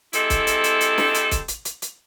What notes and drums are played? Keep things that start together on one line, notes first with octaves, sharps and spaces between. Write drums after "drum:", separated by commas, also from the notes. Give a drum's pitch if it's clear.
C3 G#3 C4 E4 A4, drum: hi-hat
drum: kick, hi-hat
drum: hi-hat
drum: hi-hat
drum: hi-hat
drum: snare
drum: hi-hat
drum: kick, hi-hat
drum: hi-hat
drum: hi-hat
drum: hi-hat